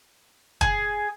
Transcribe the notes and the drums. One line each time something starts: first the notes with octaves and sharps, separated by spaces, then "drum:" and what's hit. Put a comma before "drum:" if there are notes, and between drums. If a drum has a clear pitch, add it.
G#4, drum: kick